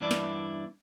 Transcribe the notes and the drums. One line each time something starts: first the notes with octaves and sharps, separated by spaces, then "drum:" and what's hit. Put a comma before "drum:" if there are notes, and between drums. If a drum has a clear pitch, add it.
E2 G2 E3 D4 E4 D5
drum: snare